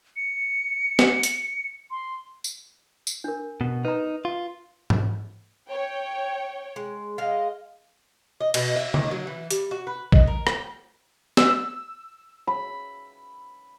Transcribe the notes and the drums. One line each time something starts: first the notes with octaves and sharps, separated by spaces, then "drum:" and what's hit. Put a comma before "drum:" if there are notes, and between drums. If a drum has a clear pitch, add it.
C#7
drum: snare
drum: hi-hat
C6
drum: tambourine
drum: tambourine
D4 A#4
B2
D#4 B4 A#5
F4
drum: tom G#2
C#5 G5
G#3
G#3 D#5 F5
D#5
B2, drum: cymbal
E5
D#3, drum: tom C#3
F#3
E3
G3, drum: hi-hat
F#4
B4
D#5, drum: kick A#1
A#4
G5, drum: rim click
E6, drum: snare
B5